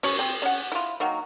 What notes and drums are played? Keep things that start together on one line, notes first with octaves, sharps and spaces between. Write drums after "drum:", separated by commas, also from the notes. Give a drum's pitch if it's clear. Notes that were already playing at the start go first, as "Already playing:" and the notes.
C#4 C#5, drum: open hi-hat
C4
C#4 F#5
E4 F4
D#3 F#3 A#3